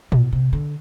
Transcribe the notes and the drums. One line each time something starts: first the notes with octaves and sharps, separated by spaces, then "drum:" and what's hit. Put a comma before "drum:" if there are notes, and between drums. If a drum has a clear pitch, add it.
B2, drum: tom
C3
D3